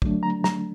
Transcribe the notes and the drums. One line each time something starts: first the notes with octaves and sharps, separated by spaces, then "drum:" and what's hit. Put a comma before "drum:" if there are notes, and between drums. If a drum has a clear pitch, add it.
D3 F#3 A3 D4, drum: kick
A#5
A#5, drum: snare